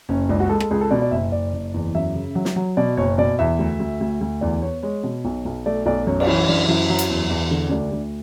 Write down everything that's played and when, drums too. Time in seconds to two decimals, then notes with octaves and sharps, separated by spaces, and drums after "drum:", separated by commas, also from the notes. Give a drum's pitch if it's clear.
0.09 F#1 C#4
0.29 C#2 D4
0.40 F#4
0.49 G#3 A4
0.60 A4, drum: rim click
0.71 C#2 G#4
0.81 A4
0.91 B2 D5
1.02 D5
1.11 F#1 E5
1.32 F#1 D5
1.53 F#1
1.74 E2
1.95 F#2 E5
2.15 C#3
2.35 F#3
2.45 drum: snare
2.56 F#3
2.77 B2 D5
2.97 F#1 C#5
3.18 B2 D5
3.39 E2 E5
3.59 D2
3.80 D2
4.01 D2
4.21 D2
4.41 E2 D5
4.62 B3 C#5
4.83 G#3 C#5
5.04 B2
5.25 B1
5.45 B1
5.66 A3 D5
5.86 B1 D5
6.07 F#2 C#5
6.20 D5, drum: cymbal
6.27 E3 C#5
6.48 F#2 D4
6.68 F#2 E4
6.90 F#3
6.99 drum: hi-hat
7.10 E2
7.30 E2
7.51 D3
7.67 C#4
7.71 D2 D4
7.92 D2